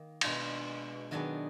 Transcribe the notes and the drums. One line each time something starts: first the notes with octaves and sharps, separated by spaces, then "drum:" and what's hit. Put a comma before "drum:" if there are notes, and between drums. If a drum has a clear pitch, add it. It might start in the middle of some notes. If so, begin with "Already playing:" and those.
Already playing: D#3 A#3
B2 G#3 D4 F4, drum: cymbal
D#3 F#3 B3 D4 G#4